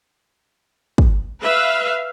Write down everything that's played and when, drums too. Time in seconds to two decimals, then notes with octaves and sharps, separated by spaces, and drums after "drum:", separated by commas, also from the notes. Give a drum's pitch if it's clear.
0.98 drum: kick
1.40 B4 E5 F5